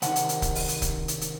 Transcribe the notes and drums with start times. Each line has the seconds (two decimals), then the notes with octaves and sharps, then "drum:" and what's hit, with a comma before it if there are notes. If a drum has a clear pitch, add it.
0.02 C3 D#3 D#4 F#5, drum: hi-hat
0.16 drum: hi-hat
0.29 drum: hi-hat
0.42 drum: kick C#1, hi-hat
0.55 drum: open hi-hat
0.69 drum: hi-hat
0.82 drum: kick C#1, hi-hat
1.08 drum: hi-hat
1.21 drum: hi-hat